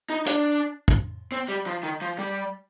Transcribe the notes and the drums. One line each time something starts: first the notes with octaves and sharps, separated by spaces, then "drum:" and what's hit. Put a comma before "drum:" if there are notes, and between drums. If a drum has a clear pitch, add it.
D#4
D4, drum: hi-hat
drum: kick
C4
G3
F3
D#3
F3
G3